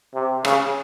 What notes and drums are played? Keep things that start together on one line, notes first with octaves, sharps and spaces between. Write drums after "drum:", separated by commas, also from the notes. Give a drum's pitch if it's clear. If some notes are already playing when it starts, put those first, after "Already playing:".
C3
C#3, drum: rim click